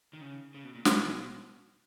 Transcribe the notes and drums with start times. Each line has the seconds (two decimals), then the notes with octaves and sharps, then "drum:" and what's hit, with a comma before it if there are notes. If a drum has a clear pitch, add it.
0.13 D#3
0.21 C#3
0.55 C#3
0.64 B2
0.75 A#2
0.85 A#2, drum: snare
0.96 B2